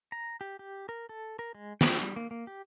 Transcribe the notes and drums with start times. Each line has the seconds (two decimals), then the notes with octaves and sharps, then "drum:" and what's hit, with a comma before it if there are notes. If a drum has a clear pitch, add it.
0.12 A#5
0.41 G4
0.59 G4
0.89 A#4
1.09 A4
1.39 A#4
1.55 G#3
1.81 G5, drum: snare
2.01 G3
2.16 A#3
2.31 A#3
2.47 G4